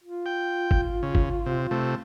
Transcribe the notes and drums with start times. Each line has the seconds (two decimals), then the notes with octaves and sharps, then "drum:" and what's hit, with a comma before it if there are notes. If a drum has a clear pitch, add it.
0.04 F4
0.26 G5
0.71 drum: kick
1.03 C#3
1.15 drum: kick
1.46 C3
1.71 C3 A3